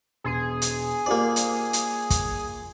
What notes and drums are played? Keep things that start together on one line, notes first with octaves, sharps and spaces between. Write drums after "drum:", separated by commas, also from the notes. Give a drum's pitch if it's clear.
E1 G#4 C6
drum: hi-hat
A#3 F4 G4 C5 D5
drum: hi-hat
drum: hi-hat
drum: kick, hi-hat